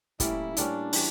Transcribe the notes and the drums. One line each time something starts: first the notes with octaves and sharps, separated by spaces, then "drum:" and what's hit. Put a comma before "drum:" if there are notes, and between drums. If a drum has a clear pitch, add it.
A2 G3 A#3 C#4 E4, drum: kick, hi-hat
A2 G3 A#3 C#4 D4, drum: hi-hat
E3 G3, drum: open hi-hat